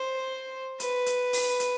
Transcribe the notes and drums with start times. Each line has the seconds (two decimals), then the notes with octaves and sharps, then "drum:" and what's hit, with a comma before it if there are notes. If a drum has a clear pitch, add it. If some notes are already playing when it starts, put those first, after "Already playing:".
Already playing: C5
0.80 B4, drum: hi-hat
1.06 drum: hi-hat
1.33 drum: open hi-hat
1.60 drum: hi-hat